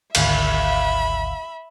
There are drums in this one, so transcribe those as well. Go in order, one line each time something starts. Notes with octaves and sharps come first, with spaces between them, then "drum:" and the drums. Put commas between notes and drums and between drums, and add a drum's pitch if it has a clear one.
G#1 D2 E5 F5 B5, drum: cymbal